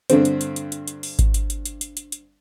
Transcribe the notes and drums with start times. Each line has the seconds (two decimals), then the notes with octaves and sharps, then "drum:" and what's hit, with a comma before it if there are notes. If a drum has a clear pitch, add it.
0.10 G2 D3 C4, drum: hi-hat
0.25 drum: hi-hat
0.41 drum: hi-hat
0.56 drum: hi-hat
0.72 drum: hi-hat
0.88 drum: hi-hat
1.03 drum: open hi-hat
1.19 drum: kick G#1, hi-hat
1.34 drum: hi-hat
1.50 drum: hi-hat
1.66 drum: hi-hat
1.81 drum: hi-hat
1.97 drum: hi-hat
2.12 drum: hi-hat